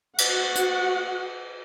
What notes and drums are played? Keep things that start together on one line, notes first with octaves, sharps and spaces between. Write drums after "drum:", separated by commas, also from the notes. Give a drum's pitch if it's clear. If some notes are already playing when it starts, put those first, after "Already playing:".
F#4 F#5, drum: cymbal
drum: hi-hat